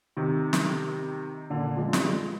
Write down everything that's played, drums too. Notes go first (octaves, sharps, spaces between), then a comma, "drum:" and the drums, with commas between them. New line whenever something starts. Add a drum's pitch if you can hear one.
C3 D#3
drum: snare
A#2 D3
F3 G#3
G3, drum: snare
F3 G#3